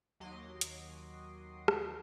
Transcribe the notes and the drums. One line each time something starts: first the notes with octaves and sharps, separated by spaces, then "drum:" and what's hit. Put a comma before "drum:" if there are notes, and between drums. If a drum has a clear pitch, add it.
D#2 F#3 D#5 C6 D6
drum: hi-hat
drum: rim click